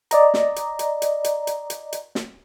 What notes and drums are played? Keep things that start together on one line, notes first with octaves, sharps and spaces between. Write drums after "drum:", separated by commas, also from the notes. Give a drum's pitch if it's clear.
D5 D#5 A#5, drum: hi-hat
drum: snare
drum: hi-hat
drum: hi-hat
drum: hi-hat
drum: hi-hat
drum: hi-hat
drum: hi-hat
drum: hi-hat
drum: snare